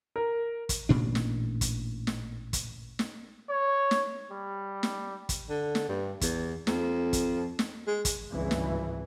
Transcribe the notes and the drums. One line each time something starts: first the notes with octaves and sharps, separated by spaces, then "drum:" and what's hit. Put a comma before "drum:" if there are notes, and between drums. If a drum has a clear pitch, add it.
A#4
drum: kick, hi-hat
A1 A#2 D4
drum: snare
drum: kick, hi-hat
drum: snare
drum: kick, hi-hat
drum: snare
C#5
drum: snare
G3
drum: snare
drum: kick, hi-hat
D3
drum: snare
G2
E2, drum: kick, hi-hat
F2, drum: snare
drum: kick, hi-hat
drum: snare
G#3
drum: kick, hi-hat
G#1 C#2 G2 E3
drum: snare